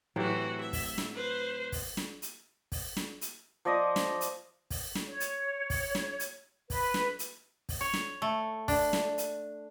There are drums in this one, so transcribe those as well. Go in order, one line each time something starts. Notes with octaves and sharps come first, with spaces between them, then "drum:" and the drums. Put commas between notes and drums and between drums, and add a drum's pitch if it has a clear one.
A2 C3 E3 F#3 F#4
E5
drum: kick, open hi-hat
drum: snare
B4 C5
drum: kick, open hi-hat
drum: snare
drum: hi-hat
drum: kick, open hi-hat
drum: snare
drum: hi-hat
F3 D5 D#5 D#6
drum: snare
drum: hi-hat
drum: kick, open hi-hat
drum: snare
C#5
drum: hi-hat
drum: kick, open hi-hat
drum: snare
drum: hi-hat
B4, drum: kick, open hi-hat
drum: snare
drum: hi-hat
drum: kick, open hi-hat
C#5
drum: snare
A3
D4, drum: kick, open hi-hat
drum: snare
drum: hi-hat